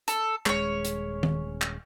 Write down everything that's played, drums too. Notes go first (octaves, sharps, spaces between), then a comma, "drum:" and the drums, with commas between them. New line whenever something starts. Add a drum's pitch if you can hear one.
A4, drum: hi-hat
D#1 G#3 C#4 C#5, drum: clap
drum: hi-hat
drum: tom D#3
drum: clap